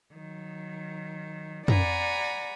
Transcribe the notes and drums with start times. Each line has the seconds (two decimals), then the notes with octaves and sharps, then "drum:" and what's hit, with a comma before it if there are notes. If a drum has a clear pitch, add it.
0.13 D#3 F#3
1.68 D5 F#5 G#5 A#5 B5, drum: tom